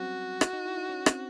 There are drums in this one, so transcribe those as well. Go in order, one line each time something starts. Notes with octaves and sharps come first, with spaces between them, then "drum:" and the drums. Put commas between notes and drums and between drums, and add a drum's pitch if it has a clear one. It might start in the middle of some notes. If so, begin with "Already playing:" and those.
Already playing: F#3 G3 C4 C#4 F#4
E4, drum: rim click
D#4
E4
D#4
C#4
C4, drum: rim click